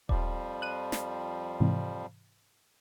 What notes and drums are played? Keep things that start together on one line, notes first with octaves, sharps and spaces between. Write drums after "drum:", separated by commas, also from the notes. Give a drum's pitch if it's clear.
F2 F3 G3 D5, drum: kick D#1
F#6 D#7
drum: snare
G#2 C3 E3